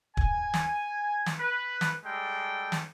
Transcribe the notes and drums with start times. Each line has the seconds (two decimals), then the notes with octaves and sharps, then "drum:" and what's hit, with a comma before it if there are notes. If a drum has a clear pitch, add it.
0.17 G#5, drum: kick
0.54 drum: snare
1.26 drum: snare
1.40 B4
1.81 drum: snare
2.04 G3 G#3 A4 G5
2.72 drum: snare